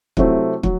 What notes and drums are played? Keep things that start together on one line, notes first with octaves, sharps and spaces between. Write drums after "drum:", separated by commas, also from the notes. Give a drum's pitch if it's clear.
C3 F#3 A3 C4 E4, drum: kick
F#3, drum: kick